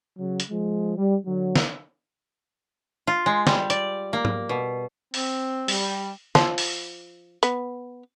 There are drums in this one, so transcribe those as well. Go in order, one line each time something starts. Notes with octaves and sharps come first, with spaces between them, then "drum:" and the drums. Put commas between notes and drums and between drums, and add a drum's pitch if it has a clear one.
C#3 F#3
drum: hi-hat
F3 G#3
G3
D3 F#3
drum: snare
F4
G#3
G3, drum: snare
D5, drum: hi-hat
A#3
drum: tom
B2
C4, drum: open hi-hat
G3, drum: open hi-hat
F3, drum: snare
drum: open hi-hat
B3, drum: hi-hat